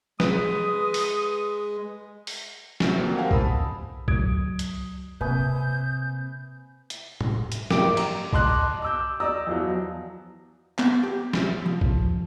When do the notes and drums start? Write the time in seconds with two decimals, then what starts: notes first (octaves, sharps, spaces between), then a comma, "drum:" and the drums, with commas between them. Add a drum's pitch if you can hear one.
0.20 G#3 B4 D#6, drum: snare
0.94 drum: open hi-hat
2.27 drum: open hi-hat
2.80 F#4, drum: snare
2.97 B2 D3 F3 A#3 C4
3.18 G4 A#4 C5 F5 F#5 G#5
3.31 A5 B5 D#6 E6, drum: kick
4.08 C#2 F#3 D#6 G#6 D7, drum: kick
4.59 drum: hi-hat
5.21 C3 A#3 B4 G#5 D#6 G6
6.90 drum: hi-hat
7.21 drum: tom
7.52 drum: hi-hat
7.70 A1 G3 A#3 G4 D6 D7, drum: snare
7.97 A#5, drum: cymbal
8.33 D#5 A5 C6 D6 F#6, drum: kick
8.82 D6 E6 G6
9.20 D5 D#5 A#5 D#6 E6
9.47 E2 F3 F#3
10.79 B3, drum: clap
11.03 G4
11.33 B5, drum: snare
11.66 F3
11.81 drum: kick